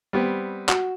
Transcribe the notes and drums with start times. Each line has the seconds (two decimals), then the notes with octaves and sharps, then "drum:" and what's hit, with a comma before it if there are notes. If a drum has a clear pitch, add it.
0.13 G3 B3 C4
0.69 F#4, drum: clap